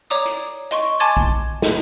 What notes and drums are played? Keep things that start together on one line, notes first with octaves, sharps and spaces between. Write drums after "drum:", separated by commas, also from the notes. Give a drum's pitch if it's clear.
C#5 D5 A#5 D6 D#6
drum: hi-hat
D#5 C6 C#6, drum: hi-hat
G#5 A5 C6 D6 G#6 A6
drum: kick
drum: snare